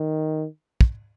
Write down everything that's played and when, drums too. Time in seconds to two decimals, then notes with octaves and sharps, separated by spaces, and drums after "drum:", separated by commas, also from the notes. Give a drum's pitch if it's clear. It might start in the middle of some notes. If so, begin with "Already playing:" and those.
Already playing: D#3
0.81 drum: kick